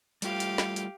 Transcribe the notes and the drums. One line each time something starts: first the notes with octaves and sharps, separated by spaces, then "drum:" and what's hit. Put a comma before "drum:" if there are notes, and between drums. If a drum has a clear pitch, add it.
G3 A3 F4 G4 F5, drum: hi-hat
drum: hi-hat
drum: snare
drum: hi-hat